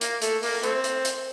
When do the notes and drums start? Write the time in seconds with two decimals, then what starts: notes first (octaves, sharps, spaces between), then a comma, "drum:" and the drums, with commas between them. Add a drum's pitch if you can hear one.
0.01 A#3, drum: hi-hat
0.22 A3, drum: hi-hat
0.43 A#3, drum: open hi-hat
0.63 A3 C4, drum: hi-hat
0.84 drum: hi-hat
1.05 drum: hi-hat